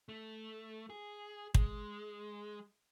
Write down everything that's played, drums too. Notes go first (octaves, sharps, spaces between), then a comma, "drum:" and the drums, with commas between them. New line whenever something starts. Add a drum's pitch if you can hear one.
A3
G#4
G#3, drum: kick